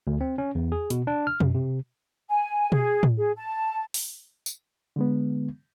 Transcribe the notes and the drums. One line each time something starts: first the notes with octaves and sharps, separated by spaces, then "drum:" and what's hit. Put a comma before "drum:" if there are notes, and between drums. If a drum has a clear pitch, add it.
D2
C4
C#4
E2
G#4
B2, drum: hi-hat
D4
F6
F#2, drum: tom B2
C3
G#5
G#4, drum: tom B2
drum: tom A2
G#4
A5
drum: open hi-hat
drum: tambourine
D3 G#3 B3